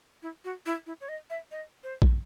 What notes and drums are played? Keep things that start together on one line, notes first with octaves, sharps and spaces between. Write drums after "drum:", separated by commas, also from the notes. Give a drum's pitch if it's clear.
E4
F#4
E4
E4
C#5
D#5
E5
D#5
C5
drum: kick A#1